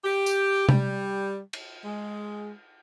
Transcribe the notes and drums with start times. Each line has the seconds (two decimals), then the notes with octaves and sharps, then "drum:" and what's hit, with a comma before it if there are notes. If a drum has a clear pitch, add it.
0.04 G4
0.26 drum: tambourine
0.69 G3, drum: tom C3
1.53 drum: cymbal
1.84 G#3